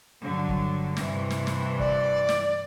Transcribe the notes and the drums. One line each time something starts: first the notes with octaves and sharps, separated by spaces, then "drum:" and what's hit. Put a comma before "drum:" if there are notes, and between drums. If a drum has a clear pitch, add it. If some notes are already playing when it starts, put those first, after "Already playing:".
G2 D3 F#3
drum: kick
G2 C3 E3, drum: snare
drum: snare
drum: snare
D5, drum: kick
drum: snare